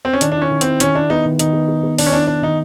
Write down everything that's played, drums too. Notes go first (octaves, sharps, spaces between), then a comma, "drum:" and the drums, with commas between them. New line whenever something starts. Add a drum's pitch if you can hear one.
C4
C#4
D#3 D4, drum: hi-hat
D4
C#4 E4
D#3
C4 E4, drum: hi-hat
D#3 C#4, drum: hi-hat
D4 E4
B3 D#4
D#3
D#3 D#4, drum: hi-hat
B3
B3
B3
D#3 D4, drum: open hi-hat
C#4
D4 E4
B3 D4
D#3 D#4